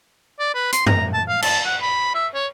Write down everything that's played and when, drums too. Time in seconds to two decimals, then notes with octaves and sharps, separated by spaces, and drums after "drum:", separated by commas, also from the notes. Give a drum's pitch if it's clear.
0.39 D5
0.54 B4
0.72 C6, drum: hi-hat
0.86 A#5, drum: tom F#2
1.13 A5
1.28 F5
1.42 A5, drum: cymbal
1.65 F#5
1.81 B5
2.15 E5
2.34 C#5